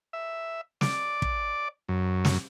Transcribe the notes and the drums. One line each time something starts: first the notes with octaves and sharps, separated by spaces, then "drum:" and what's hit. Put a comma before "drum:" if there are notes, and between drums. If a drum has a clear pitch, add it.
E5
D5, drum: snare
drum: kick
F#2
drum: snare